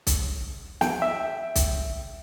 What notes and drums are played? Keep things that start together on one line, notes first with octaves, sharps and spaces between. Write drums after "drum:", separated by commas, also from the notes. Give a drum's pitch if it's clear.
drum: kick B1, hi-hat
G5, drum: snare
E5
drum: kick B1, hi-hat